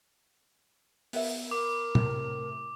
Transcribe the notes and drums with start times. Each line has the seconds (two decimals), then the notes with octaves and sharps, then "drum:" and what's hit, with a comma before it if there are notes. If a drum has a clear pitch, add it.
1.13 B3 A#4 E5, drum: open hi-hat
1.51 A#4 B5 D6
1.95 A2 C3, drum: tom